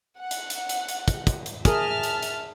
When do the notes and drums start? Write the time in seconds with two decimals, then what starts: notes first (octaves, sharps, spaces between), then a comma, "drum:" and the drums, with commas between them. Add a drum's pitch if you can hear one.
0.18 F#5
0.31 drum: hi-hat
0.50 drum: hi-hat
0.69 drum: hi-hat
0.88 drum: hi-hat
1.08 drum: kick, hi-hat
1.27 drum: kick, hi-hat
1.46 drum: hi-hat
1.65 G#4 A#4 D#5 E5 A5 F6, drum: kick, hi-hat
2.03 drum: hi-hat
2.23 drum: hi-hat